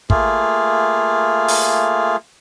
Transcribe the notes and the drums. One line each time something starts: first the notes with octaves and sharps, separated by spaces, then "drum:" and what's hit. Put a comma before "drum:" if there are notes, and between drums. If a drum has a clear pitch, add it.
A3 A#3 F4 G#4, drum: kick
drum: open hi-hat